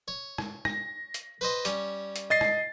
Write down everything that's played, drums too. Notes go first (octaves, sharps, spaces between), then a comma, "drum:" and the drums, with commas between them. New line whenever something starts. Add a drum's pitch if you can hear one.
C#5
drum: rim click
A#6, drum: rim click
drum: hi-hat
B4 C5 D#5
G3 C#4, drum: hi-hat
drum: hi-hat
D#5 A6 C7
drum: rim click